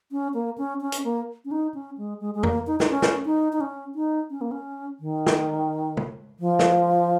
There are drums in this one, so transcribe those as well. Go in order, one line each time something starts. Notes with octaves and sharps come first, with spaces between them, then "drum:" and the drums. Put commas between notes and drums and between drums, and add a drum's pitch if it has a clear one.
C#4
A#3
C#4
C#4
drum: hi-hat
A#3
C#4
D#4
C#4
G#3
G#3
G#3
A#3, drum: tom F2
D#4
D#4, drum: snare
C#4
drum: snare
D#4
D#4
C#4
D#4
C#4
A#3
C#4
D#3
drum: snare
drum: tom
F3
drum: snare